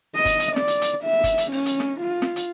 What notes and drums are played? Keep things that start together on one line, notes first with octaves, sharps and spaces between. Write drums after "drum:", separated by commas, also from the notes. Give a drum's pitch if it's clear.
D#5
drum: kick F#1, hi-hat
drum: hi-hat
D5, drum: snare
drum: hi-hat
drum: hi-hat
E5
drum: kick F#1, hi-hat
drum: hi-hat
C#4, drum: open hi-hat
drum: hi-hat
drum: snare
F4
drum: snare
drum: hi-hat